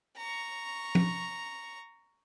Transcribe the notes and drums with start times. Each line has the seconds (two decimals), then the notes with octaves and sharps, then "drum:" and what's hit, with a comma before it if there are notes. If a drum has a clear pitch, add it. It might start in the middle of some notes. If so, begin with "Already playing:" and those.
0.17 A#5 C#6
0.95 drum: tom